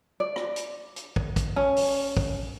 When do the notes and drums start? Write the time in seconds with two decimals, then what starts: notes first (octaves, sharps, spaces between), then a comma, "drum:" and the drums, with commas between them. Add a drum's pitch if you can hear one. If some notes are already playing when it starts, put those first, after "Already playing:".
0.20 D5
0.36 drum: rim click
0.56 drum: hi-hat
0.96 drum: hi-hat
1.16 drum: kick
1.36 drum: kick, hi-hat
1.56 C#4
1.76 drum: open hi-hat
2.17 drum: kick